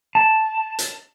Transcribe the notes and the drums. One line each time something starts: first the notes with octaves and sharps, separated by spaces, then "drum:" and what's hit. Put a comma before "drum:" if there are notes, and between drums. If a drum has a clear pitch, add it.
A5
drum: hi-hat